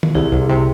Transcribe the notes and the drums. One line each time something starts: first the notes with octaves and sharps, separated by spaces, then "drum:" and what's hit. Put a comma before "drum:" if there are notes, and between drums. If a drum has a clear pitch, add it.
drum: tom
C2 E4 G#4
C2
C3